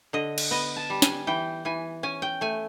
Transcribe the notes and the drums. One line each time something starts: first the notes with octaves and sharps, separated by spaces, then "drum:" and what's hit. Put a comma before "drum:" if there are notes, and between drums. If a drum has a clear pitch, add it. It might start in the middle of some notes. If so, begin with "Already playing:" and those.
D3 D#5
drum: cymbal
B3 D#5
A5
G3
G#5, drum: snare
E3 G5
E3 G#5
C#4 G#5
G5
A3 G#5